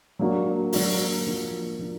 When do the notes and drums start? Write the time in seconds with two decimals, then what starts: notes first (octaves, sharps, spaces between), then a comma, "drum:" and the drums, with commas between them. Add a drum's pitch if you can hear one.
0.19 F#3 A#3 D4 F#4
0.73 F#3 A#3 D4 F#4, drum: open hi-hat
1.27 F3 A#3 D4
1.79 F3 A#3 D4